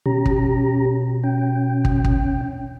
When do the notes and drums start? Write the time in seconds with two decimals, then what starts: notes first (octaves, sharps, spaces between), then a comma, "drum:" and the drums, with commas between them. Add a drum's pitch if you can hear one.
0.06 B2 C#4 G4 A#5
0.26 drum: kick
1.24 C#4 G5
1.85 drum: kick
2.05 drum: kick